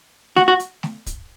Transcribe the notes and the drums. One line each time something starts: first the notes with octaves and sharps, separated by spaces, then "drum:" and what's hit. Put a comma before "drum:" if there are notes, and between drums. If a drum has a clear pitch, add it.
F#4, drum: snare A3
F#4
drum: hi-hat
drum: snare A3
drum: kick, hi-hat